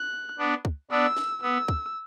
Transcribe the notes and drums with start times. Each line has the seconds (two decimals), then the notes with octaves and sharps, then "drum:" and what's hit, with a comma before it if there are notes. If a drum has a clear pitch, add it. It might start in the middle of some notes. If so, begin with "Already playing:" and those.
Already playing: F#6
0.39 B3 D4
0.65 drum: kick
0.91 B3 D4 E6
1.17 drum: snare
1.42 B3 E6
1.68 drum: kick